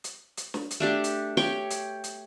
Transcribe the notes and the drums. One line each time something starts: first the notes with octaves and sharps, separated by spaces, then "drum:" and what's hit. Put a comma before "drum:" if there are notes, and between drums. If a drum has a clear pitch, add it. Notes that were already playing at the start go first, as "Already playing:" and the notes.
drum: hi-hat
drum: hi-hat
drum: snare
drum: hi-hat
A3 D4 G4
drum: hi-hat
G4 C#5 G5, drum: snare
drum: hi-hat
drum: hi-hat